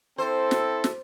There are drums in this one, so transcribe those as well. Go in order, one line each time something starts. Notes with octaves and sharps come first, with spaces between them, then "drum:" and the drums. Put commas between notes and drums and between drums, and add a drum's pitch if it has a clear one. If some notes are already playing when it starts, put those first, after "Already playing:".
C4 E4 A4 C5
drum: snare
drum: snare